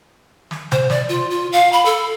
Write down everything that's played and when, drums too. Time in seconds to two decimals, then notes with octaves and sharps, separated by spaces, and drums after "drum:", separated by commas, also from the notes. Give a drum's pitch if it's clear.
0.51 drum: snare
0.72 C5, drum: tom C3
0.90 D5, drum: snare
1.09 F4
1.30 F4
1.52 F5
1.73 B5
1.85 A4